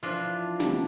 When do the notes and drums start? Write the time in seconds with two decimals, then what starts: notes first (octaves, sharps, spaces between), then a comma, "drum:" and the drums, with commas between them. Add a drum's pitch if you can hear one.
0.03 E3 F3 D4 F4
0.60 D3 G3, drum: snare